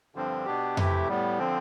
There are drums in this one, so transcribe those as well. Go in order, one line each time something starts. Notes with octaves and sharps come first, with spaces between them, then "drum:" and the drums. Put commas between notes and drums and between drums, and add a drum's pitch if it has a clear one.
G2 D3 F3 C4
B2 B3 D4 G4
C3 E3 A3 E4 G4, drum: tom F2
A2 G3 B3
D3 F3 C4